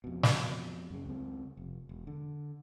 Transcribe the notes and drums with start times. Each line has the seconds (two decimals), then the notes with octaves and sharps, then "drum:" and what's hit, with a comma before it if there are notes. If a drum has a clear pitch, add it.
0.04 F2 B2
0.23 drum: snare
0.90 F#2 C#3
1.06 C#2 C4
1.57 F1
1.89 E1
2.07 D3